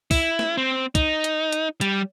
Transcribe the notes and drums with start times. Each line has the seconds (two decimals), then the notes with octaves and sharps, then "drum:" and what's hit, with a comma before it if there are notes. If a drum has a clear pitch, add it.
0.11 E4, drum: kick, open hi-hat
0.39 drum: snare
0.57 C4
0.95 D#4, drum: kick, hi-hat
1.24 drum: hi-hat
1.52 drum: hi-hat
1.81 G3, drum: hi-hat